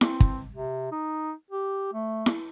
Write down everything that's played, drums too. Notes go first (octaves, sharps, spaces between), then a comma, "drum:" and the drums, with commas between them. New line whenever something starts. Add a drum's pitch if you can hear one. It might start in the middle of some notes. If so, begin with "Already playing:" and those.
C4, drum: snare E4
drum: kick
C3
D#4
G4
A3
drum: snare E4